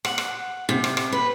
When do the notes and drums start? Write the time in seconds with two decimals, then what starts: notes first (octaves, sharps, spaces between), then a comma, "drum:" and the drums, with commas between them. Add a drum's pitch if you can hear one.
0.05 F#5, drum: rim click
0.18 drum: rim click
0.69 C3
0.84 drum: rim click
0.97 drum: rim click
1.12 B4